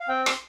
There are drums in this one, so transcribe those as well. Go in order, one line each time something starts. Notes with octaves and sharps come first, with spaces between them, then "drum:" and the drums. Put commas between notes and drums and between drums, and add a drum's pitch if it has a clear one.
F5
C4 G5
C6, drum: rim click